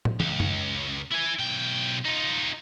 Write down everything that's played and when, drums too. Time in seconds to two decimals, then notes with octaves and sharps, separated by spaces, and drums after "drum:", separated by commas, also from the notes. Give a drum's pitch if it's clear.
0.05 drum: tom
0.20 C#2, drum: tom
0.40 drum: tom F#2
1.12 E4 G#5
1.40 B1 G5
2.05 D#4 F4